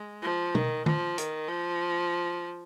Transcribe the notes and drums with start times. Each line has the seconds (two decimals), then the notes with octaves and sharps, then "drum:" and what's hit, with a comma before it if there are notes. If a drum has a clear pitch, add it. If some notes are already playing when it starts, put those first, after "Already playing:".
Already playing: G#3
0.23 F3
0.55 D#3, drum: tom
0.86 F3, drum: tom
1.18 D#3, drum: hi-hat
1.49 F3